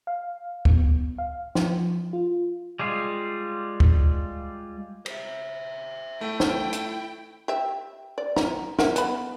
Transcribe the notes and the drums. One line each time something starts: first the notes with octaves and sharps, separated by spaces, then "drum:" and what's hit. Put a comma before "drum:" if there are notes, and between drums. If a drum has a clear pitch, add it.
F5
B3, drum: kick D2
F5
F3, drum: snare
F4
G3 G#3 F4
drum: kick D2
C5 E5, drum: cymbal
A3 E4 G5
drum: snare
drum: hi-hat
G4 E5
D5
A#5, drum: snare
A#4 E5 F#5, drum: snare
B3 B5, drum: hi-hat